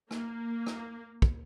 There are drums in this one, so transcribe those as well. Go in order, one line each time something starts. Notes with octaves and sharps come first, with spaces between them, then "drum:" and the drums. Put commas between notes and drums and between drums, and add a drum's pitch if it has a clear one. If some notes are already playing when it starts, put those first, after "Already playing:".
A#3, drum: rim click
drum: rim click
drum: kick